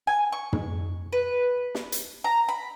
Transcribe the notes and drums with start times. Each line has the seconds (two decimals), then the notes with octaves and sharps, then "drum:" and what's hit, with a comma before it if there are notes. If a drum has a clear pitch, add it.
0.07 G#5
0.32 C#6
0.53 drum: tom
1.12 B4
1.75 drum: snare
1.92 drum: hi-hat
2.24 A#5
2.49 B5